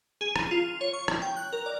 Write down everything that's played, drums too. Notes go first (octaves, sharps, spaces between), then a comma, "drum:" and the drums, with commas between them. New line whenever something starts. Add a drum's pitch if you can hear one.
G#4
D#7, drum: rim click
F4
C#5
C#6
drum: rim click
G5
F#6
A#4
D5